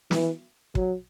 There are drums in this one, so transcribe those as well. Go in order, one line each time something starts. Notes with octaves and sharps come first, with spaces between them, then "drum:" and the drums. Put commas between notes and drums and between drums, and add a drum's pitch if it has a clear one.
E3, drum: snare
F#3, drum: kick